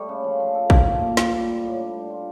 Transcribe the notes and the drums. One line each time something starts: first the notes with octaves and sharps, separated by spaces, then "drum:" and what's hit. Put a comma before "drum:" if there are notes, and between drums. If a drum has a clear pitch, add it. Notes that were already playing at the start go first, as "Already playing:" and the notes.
Already playing: G3 A3
C#3
F3
F3
A4
A4, drum: kick
A#2
A#2
A#3, drum: snare
G3
G3
A2
D4
G3
F4